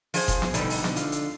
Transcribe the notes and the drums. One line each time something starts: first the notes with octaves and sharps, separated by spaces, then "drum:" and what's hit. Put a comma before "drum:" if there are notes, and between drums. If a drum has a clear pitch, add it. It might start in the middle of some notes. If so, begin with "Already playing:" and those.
F3 G#4 C5, drum: open hi-hat
drum: kick F1, hi-hat
drum: snare
B2 D3 G3 D#4, drum: hi-hat
drum: open hi-hat
drum: snare
F4, drum: hi-hat
drum: hi-hat